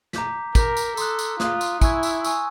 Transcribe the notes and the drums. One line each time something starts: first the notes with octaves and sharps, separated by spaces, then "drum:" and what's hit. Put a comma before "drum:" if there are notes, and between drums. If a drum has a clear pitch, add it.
A#5 D6 G6 B6, drum: snare
A#4 A#5 D6 G6 B6, drum: kick, tambourine
drum: tambourine
A4 C6 D#6 F#6, drum: tambourine
drum: tambourine
F4 C6 D#6 F#6, drum: snare
drum: tambourine
E4 G#5 C#6 E6 G#6, drum: kick, tambourine
drum: tambourine
G#5 C#6 E6 G#6, drum: tambourine